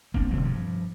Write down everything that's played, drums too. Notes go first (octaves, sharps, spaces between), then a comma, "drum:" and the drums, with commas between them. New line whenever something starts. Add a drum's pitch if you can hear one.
A#3 C4 D4, drum: kick D#1
B2 D3 F3 C4
G2 F3